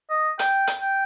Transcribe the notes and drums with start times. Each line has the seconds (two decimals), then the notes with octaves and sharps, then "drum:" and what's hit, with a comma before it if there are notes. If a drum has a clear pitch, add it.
0.10 D#5
0.39 G5, drum: hi-hat
0.67 drum: hi-hat
0.82 G5